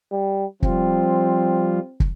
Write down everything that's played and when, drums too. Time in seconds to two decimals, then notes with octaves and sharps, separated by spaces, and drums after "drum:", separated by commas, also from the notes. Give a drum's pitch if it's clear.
0.11 G3
0.62 F3 G3 C4 F4, drum: kick
2.00 drum: kick